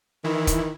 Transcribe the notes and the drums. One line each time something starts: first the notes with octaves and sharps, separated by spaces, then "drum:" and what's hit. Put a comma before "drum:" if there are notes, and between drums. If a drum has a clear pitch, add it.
D#3 E3 E4
drum: kick, hi-hat